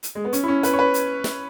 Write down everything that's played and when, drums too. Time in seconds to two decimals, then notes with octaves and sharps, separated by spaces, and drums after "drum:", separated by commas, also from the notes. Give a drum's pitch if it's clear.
0.03 drum: hi-hat
0.15 G#3
0.25 B3
0.33 C#4, drum: hi-hat
0.43 E4
0.48 C#4
0.63 B4, drum: hi-hat
0.73 C#5
0.79 B4
0.94 drum: hi-hat
1.24 drum: snare